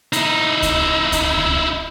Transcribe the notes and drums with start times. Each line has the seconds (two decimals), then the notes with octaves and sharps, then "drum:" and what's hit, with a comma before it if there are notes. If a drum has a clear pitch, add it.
0.13 D#4 E4, drum: hi-hat
0.62 drum: kick C#2, hi-hat
1.12 drum: kick C#2, hi-hat
1.37 drum: kick C#2